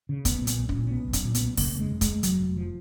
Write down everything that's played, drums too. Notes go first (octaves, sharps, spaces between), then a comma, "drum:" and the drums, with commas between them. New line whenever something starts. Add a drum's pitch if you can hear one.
C#3
B1 B3, drum: kick, hi-hat
A#2
B3, drum: hi-hat
B1
C#4, drum: kick
A#2
C#4
B1 B3
B1
C#4, drum: kick, hi-hat
A#2
B3, drum: hi-hat
B1
C#3 A#3, drum: kick, open hi-hat
F1
G#3
F1
G#3, drum: kick, hi-hat
F1
F1 F#3, drum: hi-hat
F1
F3